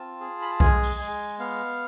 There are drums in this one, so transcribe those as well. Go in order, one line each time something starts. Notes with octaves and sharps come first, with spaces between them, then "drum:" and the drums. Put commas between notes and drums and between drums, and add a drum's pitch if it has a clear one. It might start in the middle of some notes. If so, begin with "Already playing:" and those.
Already playing: C4 F4 A5
G#4
B5
A5
G#3 G#5, drum: kick B1
drum: open hi-hat
G#3 G#5
B3 F5